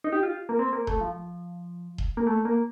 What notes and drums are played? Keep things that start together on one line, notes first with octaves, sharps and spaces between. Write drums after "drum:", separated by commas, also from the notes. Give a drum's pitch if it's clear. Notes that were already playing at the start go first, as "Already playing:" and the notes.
D#4
G4
F4
A#3
C4
A#3
A3, drum: kick D#1
F3
drum: kick D#1
A#3
A3
A#3